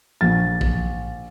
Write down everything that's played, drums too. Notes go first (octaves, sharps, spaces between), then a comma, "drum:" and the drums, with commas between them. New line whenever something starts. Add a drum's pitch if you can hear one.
A#1 A6
drum: kick A#1